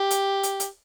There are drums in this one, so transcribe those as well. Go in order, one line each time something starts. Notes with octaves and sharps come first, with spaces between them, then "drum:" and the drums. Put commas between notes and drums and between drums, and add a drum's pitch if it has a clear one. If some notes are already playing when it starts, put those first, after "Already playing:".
Already playing: G4
drum: hi-hat
drum: hi-hat
drum: hi-hat